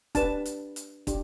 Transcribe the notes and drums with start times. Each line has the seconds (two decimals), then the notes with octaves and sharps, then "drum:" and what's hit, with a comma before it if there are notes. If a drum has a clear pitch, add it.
0.15 D4 G4 B4 A5, drum: kick, hi-hat
0.46 drum: hi-hat
0.76 drum: hi-hat
1.07 D4 G4, drum: kick, hi-hat